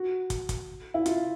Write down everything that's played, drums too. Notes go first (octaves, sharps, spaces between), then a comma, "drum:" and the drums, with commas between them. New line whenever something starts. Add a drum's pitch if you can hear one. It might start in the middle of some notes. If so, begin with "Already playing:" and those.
Already playing: F#4
drum: kick, hi-hat
drum: kick, hi-hat
E4
F4, drum: hi-hat